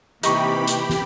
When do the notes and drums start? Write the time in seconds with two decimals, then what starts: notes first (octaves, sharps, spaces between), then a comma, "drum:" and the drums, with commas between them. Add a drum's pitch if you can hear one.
0.23 C3 E3 A#3 D#4 G4 B5 C#6, drum: hi-hat
0.67 drum: hi-hat
0.90 drum: snare